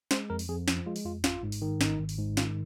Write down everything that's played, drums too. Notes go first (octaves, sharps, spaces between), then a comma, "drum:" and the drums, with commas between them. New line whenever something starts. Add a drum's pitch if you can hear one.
G#3 C5, drum: snare
F2 A#4
drum: open hi-hat
F2 G#4
F3, drum: snare
G#3 F4
drum: open hi-hat
F2 F4
G#1 F4, drum: snare
G#2
drum: open hi-hat
D#3
G#1 D#4, drum: snare
G#1
drum: open hi-hat
G#2
D#3 F4, drum: snare